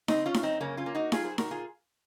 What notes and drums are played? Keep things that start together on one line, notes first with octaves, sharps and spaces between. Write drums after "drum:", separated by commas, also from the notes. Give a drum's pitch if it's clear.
C#3 C4 D#4, drum: snare D#4
C#4 F4
F#2, drum: snare D#4
C4 D#4
C#3 A#3 C#4
C#4 F4
A#3
D#4 F#4
F#3 F4 G#4, drum: snare D#4
G#4 C5
A#2 F#4 A#4, drum: snare D#4
F4 G#4